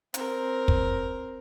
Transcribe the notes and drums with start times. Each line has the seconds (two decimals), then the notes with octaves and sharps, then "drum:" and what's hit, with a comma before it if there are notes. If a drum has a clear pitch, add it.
0.14 C4 A#4, drum: hi-hat
0.68 drum: kick